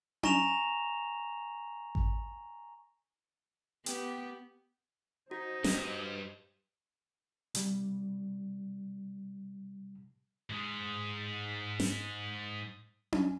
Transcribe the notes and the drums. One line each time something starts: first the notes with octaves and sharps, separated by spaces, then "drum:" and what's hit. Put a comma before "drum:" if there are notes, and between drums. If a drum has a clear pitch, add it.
G#5 A#5 C#6 A#6 E7 F7, drum: tom C#4
drum: kick G#1
B3 G4, drum: hi-hat
D#4 F#4 C5 D#5
B1 G2, drum: snare
C3 G3, drum: hi-hat
G#2 G#3
drum: snare
drum: tom C#4